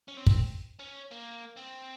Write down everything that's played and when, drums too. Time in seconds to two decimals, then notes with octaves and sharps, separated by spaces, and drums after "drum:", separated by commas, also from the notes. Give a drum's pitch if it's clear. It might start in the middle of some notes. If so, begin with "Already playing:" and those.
0.08 C#4
0.17 C4
0.27 drum: kick
0.79 C#4
1.11 A#3
1.57 C4